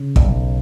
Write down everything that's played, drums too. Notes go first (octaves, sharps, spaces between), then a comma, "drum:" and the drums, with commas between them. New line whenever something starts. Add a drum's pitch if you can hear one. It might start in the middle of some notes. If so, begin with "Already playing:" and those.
Already playing: C#3
B1 G3, drum: kick